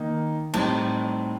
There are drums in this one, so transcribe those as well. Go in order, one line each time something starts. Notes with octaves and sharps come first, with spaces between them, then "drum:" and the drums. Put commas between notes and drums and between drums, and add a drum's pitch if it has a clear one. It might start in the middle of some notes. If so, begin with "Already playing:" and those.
Already playing: D#3 A#3 D#4
A2 G3 C4 D#4 A5, drum: cymbal